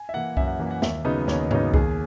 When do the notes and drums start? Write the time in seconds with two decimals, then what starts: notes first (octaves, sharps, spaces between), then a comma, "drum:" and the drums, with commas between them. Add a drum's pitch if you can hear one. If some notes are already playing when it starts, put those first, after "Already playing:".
Already playing: G#5
0.09 E5
0.14 E3 A#3 F#5
0.37 F#2 E5, drum: kick C2
0.48 F#5
0.59 E3 A#3
0.71 F#5
0.82 D#2 E5, drum: snare
1.05 C#3 F#3 B3 D#4 D#5
1.28 D#2 C#5, drum: snare
1.51 C#3 F#3 B3 D#4 C#5, drum: tom G#2
1.74 D#2 G#4, drum: kick C2